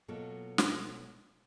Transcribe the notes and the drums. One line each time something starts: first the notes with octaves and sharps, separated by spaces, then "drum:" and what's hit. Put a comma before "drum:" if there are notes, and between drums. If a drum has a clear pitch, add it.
B2 F#3 A#3 F4 A4
drum: snare